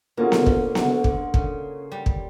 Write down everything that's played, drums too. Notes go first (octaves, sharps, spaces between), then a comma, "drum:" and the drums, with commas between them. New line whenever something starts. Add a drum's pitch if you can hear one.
D3 A#3 C#4 F4 G#4
drum: snare B3
C#3, drum: kick
D3, drum: snare B3
D3, drum: kick
C#3, drum: kick
G3
drum: kick